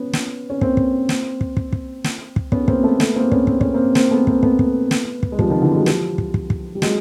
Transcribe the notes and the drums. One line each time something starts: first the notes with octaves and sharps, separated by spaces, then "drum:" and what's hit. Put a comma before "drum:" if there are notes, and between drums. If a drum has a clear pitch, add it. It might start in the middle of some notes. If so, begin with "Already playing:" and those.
Already playing: B3 C#4
drum: snare
C#4
A#3 C4, drum: kick
drum: kick
drum: snare
drum: kick
drum: kick
drum: kick
drum: snare
drum: kick
B3 C#4, drum: kick
A#3 C4, drum: kick
A3 B3
A3 B3, drum: snare
A#3 C4
B3 C#4, drum: kick
C4, drum: kick
C#4, drum: kick
A#3 C4
A#3 C4, drum: snare
A3 B3
A#3 C4, drum: kick
A3 B3, drum: kick
drum: kick
drum: snare
drum: kick
G#3
F3 G3, drum: kick
D#3 F3
D3 E3
F#3 G#3
F3 G3, drum: snare
drum: kick
drum: kick
drum: kick
G3
F#3 G#3, drum: snare